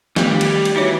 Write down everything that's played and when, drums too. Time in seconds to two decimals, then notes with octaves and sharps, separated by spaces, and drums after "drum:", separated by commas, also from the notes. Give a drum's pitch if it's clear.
0.16 D#3 G3 A3 B3, drum: snare
0.41 drum: cymbal
0.65 drum: cymbal
0.76 E3 D#4 F#4 C#5